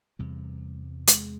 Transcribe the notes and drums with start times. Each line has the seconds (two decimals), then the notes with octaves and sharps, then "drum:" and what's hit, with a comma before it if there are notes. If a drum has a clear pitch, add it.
0.19 E2 C3 G3
1.07 G#3, drum: hi-hat